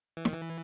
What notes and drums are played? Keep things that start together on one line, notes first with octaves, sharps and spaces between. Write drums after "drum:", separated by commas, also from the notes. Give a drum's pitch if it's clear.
E3
D#3, drum: snare
E3